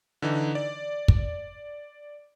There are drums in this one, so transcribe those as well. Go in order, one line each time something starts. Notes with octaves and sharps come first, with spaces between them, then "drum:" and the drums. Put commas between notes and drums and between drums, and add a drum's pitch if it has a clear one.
D3 E3 D#4
D5
drum: kick